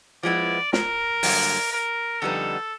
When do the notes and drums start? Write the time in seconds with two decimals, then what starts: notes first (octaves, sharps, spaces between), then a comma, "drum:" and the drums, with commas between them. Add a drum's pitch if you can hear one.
0.23 F3 G#3 B3 E4 D5
0.73 A#4, drum: snare
1.23 G2 D3 F#3 A#3, drum: open hi-hat
1.72 A#4
2.22 F2 D3 G3 B3 D#4 A4